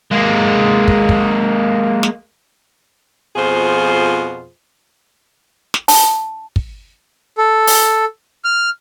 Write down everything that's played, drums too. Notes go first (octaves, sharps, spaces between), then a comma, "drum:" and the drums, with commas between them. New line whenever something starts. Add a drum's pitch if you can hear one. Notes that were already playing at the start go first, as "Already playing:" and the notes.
G#3 A#3
drum: kick
drum: kick
drum: snare
F2 B2 F3 F4 G#4 C5
drum: snare
A5, drum: open hi-hat
drum: kick
A4
drum: open hi-hat
F6